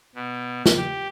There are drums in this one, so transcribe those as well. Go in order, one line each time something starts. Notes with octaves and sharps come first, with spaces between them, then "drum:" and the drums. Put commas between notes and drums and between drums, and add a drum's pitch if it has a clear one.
B2
drum: snare
G4